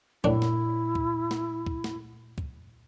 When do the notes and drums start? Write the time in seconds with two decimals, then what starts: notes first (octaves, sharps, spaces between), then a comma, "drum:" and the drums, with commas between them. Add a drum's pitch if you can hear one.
0.24 A1 F#2 A#2 D4 E4, drum: kick C#2
0.42 drum: snare
0.95 drum: kick C#2
1.31 drum: snare
1.67 drum: kick C#2
1.84 drum: snare
2.38 drum: kick C#2